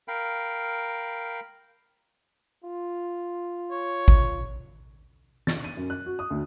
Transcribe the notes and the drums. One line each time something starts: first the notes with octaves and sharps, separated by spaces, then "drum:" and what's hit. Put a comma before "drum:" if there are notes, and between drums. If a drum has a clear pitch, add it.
A#4 F5 G5 B5
F4
C#5
drum: kick
A6, drum: snare
D#7
F#2
F#6
F#4
D#6
D2